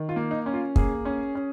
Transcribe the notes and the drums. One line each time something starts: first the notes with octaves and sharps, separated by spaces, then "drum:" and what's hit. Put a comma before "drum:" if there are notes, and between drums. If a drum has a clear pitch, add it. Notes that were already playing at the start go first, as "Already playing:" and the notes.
Already playing: D#3
F4
A#3
D#4
C#4
F4
A#3 G#4, drum: kick
C#4
C#4